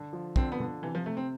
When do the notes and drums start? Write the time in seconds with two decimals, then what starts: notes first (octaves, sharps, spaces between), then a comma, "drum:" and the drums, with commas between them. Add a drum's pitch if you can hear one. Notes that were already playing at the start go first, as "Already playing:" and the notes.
Already playing: D3
0.13 F3
0.36 D3 C4, drum: kick
0.52 B3
0.60 D3
0.82 C3 E3
0.95 F3
1.06 C3 A3
1.17 C4